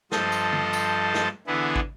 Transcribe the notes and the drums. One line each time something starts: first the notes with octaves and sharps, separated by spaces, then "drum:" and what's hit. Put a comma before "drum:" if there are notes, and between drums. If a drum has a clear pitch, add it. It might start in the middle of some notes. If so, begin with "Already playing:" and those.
G2 F3 A4 C5 D#5 A5, drum: snare
drum: tambourine
drum: tom D3
drum: tambourine
drum: snare
D3 E3 B3 E4 G#4
drum: kick